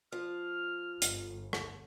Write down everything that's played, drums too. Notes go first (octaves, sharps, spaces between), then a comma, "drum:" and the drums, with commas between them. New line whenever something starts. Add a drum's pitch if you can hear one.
F3 F6
G1, drum: hi-hat
drum: rim click